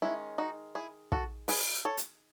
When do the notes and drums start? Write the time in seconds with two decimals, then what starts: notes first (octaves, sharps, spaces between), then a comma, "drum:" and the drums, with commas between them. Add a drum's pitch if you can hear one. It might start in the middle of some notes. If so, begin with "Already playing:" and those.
0.02 D#3 G#3 C#4 E4
0.38 D#4 F#4
0.75 E4 G#4
1.12 F#4 A4, drum: kick
1.48 G#4 B4, drum: open hi-hat
1.85 A4 C#5
1.97 drum: hi-hat